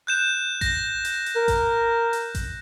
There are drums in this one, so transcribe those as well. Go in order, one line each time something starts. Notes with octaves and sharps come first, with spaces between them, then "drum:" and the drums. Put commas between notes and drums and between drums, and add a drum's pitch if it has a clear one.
F#6 G6 E7
A#6, drum: kick A1, hi-hat
drum: hi-hat
drum: hi-hat
A#4
drum: kick A1, hi-hat
drum: hi-hat
drum: kick A1, hi-hat